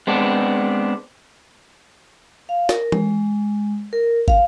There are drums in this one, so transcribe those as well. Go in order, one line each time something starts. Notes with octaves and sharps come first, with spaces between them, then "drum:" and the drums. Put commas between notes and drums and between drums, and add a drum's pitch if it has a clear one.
G#3 B3 C4 D4
F5
A#4, drum: snare
G#3, drum: tom E3
A#4
F5, drum: kick